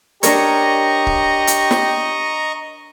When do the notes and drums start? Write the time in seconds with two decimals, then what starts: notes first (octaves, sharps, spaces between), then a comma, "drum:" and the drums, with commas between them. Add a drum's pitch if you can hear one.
0.23 D4 G4 A#4 C#5 D#5 A#5 C#6, drum: hi-hat
1.07 drum: kick
1.47 drum: hi-hat
1.71 drum: snare